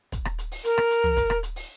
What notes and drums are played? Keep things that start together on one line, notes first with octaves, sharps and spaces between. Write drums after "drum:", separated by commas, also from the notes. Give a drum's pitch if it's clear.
drum: kick, hi-hat
drum: rim click
drum: hi-hat
drum: open hi-hat
A#4, drum: hi-hat
drum: rim click
drum: hi-hat
drum: tom
drum: kick, hi-hat
drum: rim click
drum: hi-hat
drum: open hi-hat